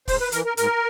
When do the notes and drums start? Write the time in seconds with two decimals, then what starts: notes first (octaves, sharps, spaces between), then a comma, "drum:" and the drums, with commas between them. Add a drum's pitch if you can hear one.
0.08 G#2 C5, drum: kick, open hi-hat
0.20 B4
0.32 E3 A#4, drum: hi-hat
0.45 A#4
0.57 G#2 A#4, drum: hi-hat